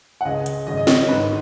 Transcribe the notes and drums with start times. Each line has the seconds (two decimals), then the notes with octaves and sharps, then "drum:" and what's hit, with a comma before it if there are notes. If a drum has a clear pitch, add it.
0.21 F#5
0.25 C#2 C#3 D#5
0.46 drum: hi-hat
0.67 G#1 F#2 C#3 D#5
0.77 D#5
0.87 C#5, drum: snare
1.08 G#1 G#2 D#3 B4